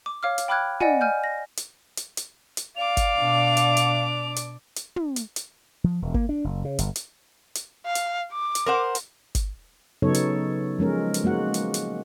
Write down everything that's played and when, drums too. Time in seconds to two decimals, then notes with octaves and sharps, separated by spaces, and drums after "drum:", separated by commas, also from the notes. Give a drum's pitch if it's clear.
0.06 D6
0.23 C#5 F5 D6 F6
0.38 drum: hi-hat
0.48 G5 B5 D6 F6 F#6 G#6
0.80 D5 D#5 F#5 G#5, drum: tom
1.01 G#5 F6 G6
1.24 A#6
1.57 drum: hi-hat
1.97 drum: hi-hat
2.17 drum: hi-hat
2.57 drum: hi-hat
2.76 D5 F5 D6 F7
2.97 drum: kick G#1, hi-hat
3.17 B2 D4
3.57 drum: hi-hat
3.77 drum: hi-hat
4.36 drum: hi-hat
4.76 drum: hi-hat
4.96 drum: tom
5.16 drum: hi-hat
5.36 drum: hi-hat
5.84 F3
6.02 E1
6.14 A#3, drum: kick G#1
6.29 D4
6.44 F#1
6.65 C#3
6.79 G1, drum: hi-hat
6.96 drum: hi-hat
7.55 drum: hi-hat
7.86 F5
7.95 drum: hi-hat
8.33 D6
8.55 drum: hi-hat
8.66 A#4 C5 F#5
8.95 drum: hi-hat
9.35 drum: kick G#1, hi-hat
10.02 C#3 F#3 B3 D#4 A4 C#5
10.14 drum: hi-hat
10.79 F3 G#3 C#4 A#4
11.14 drum: hi-hat
11.24 G#3 A#3 F#4 F#5
11.54 drum: hi-hat
11.74 drum: hi-hat